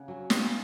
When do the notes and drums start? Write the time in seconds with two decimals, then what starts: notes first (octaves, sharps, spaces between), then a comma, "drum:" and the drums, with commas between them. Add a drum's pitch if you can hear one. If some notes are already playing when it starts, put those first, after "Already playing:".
Already playing: C#3 A#3 F#5
0.08 F#3 C#4
0.30 C#3, drum: snare